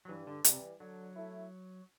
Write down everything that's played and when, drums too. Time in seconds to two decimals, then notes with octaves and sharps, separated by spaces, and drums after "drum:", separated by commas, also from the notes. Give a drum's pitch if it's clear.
0.05 F#3
0.09 G2 E3
0.27 D3
0.44 C3 E3 G3, drum: hi-hat
0.80 D3 F#3
1.16 A3 E4